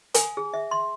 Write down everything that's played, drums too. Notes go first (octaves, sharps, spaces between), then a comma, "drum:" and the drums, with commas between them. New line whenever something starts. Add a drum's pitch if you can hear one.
G#5, drum: hi-hat
G#4
E5
C6